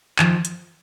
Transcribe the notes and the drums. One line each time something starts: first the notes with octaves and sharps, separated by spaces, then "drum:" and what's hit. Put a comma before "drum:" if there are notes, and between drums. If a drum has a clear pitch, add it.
D#3 F3, drum: clap
drum: hi-hat